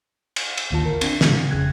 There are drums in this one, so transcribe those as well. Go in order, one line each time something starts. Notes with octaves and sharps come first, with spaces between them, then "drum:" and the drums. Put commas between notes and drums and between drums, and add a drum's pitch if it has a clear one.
drum: cymbal
drum: cymbal
A1 D#2 D3 D#3 F4 A5
A#4
C4 D4, drum: cymbal
G#2 C3 E3 G#3, drum: snare
C#3
G1 F2 C#3 F#6 G#6